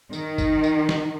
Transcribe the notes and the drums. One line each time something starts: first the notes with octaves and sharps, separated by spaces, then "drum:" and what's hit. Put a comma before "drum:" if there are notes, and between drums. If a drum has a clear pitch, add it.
D#3, drum: tambourine
drum: kick, tambourine
drum: tambourine
drum: snare